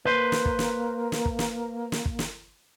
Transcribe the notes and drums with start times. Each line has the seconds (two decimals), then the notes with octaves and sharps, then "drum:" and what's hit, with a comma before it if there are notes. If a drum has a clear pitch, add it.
0.05 A#3 B4 C5
0.32 drum: snare
0.45 drum: kick
0.59 drum: snare
1.12 drum: snare
1.25 drum: kick
1.39 drum: snare
1.92 drum: snare
2.05 drum: kick
2.19 drum: snare